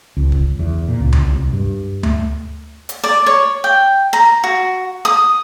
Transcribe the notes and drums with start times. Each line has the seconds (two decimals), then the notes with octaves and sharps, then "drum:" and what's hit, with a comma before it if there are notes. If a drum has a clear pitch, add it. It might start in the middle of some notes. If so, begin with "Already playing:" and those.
0.17 C#2
0.32 drum: kick
0.59 E2
0.88 A#2
1.00 C#2
1.13 drum: tom D2
1.27 C2
1.53 G2
2.03 A3, drum: tom D2
2.89 drum: hi-hat
3.04 D5
3.26 C#5
3.64 G5
4.13 A#5
4.44 F#4
5.05 D#6